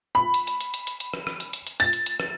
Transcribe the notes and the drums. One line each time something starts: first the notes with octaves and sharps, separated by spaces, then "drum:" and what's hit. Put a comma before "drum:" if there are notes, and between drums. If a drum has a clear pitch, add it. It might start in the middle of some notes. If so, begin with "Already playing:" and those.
B5
drum: hi-hat
drum: hi-hat
drum: hi-hat
drum: hi-hat
drum: hi-hat
drum: hi-hat
drum: rim click
drum: rim click
drum: hi-hat
drum: hi-hat
drum: hi-hat
A6, drum: hi-hat
drum: hi-hat
drum: hi-hat
drum: rim click